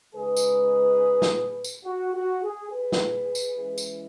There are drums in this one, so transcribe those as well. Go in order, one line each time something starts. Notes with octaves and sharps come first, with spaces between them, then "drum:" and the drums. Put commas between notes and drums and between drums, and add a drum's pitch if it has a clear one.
C#3 G#3 D#4 G#4 B4
drum: tambourine
drum: snare
drum: tambourine
F#4
F#4
G#4
G#4 B4
drum: snare
drum: tambourine
E3 G#3 C#4 E4
drum: tambourine